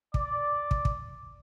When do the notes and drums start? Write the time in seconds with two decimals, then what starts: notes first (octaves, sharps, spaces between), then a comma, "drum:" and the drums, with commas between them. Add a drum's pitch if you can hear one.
0.14 D5, drum: kick
0.71 drum: kick
0.85 drum: kick